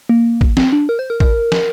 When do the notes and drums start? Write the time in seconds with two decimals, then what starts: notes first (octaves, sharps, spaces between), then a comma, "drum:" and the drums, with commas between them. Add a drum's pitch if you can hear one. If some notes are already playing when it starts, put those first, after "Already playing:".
0.09 A#3
0.41 drum: kick A1
0.57 C4, drum: snare
0.73 D4
0.89 A#4
0.99 C5
1.10 A#4
1.20 A#4, drum: kick A1
1.52 drum: snare